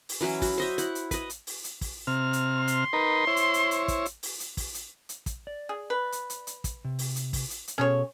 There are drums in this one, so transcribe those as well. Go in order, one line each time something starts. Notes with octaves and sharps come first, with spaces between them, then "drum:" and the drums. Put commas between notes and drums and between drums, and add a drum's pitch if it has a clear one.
drum: open hi-hat
E3 F#3 C#4 E4
F#4, drum: kick, open hi-hat
C5 D#5 E5
E4 F#5, drum: hi-hat
drum: hi-hat
B4 D#5, drum: kick, hi-hat
drum: hi-hat
drum: open hi-hat
drum: hi-hat
drum: kick, open hi-hat
C3 F6
drum: hi-hat
C6
drum: hi-hat
D#4 A#4 B4
E4 C5 C#5
drum: hi-hat
drum: hi-hat
drum: hi-hat
drum: kick, hi-hat
drum: hi-hat
drum: open hi-hat
drum: hi-hat
drum: kick, open hi-hat
drum: hi-hat
drum: hi-hat
drum: kick, hi-hat
D5
G#4
B4
drum: hi-hat
drum: hi-hat
drum: hi-hat
drum: kick, hi-hat
C3
drum: open hi-hat
drum: hi-hat
drum: kick, open hi-hat
drum: hi-hat
drum: hi-hat
B2 C#4 G#4 A4 C#5